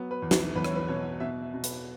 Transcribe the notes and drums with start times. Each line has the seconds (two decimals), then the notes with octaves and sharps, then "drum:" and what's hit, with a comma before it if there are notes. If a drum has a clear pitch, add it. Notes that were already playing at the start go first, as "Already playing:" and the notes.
Already playing: F#3 B3
0.11 B4
0.22 E2
0.31 drum: snare
0.55 E2 B4
0.64 C#5, drum: rim click
0.75 B4
0.88 B2 C#5
1.20 B2 E5
1.42 E5
1.54 B2
1.64 B4, drum: hi-hat